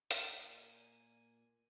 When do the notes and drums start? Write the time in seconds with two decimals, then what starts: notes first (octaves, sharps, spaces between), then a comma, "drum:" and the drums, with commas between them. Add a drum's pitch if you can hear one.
0.11 A#2 A#3 E4 C#5 D5 G#5, drum: hi-hat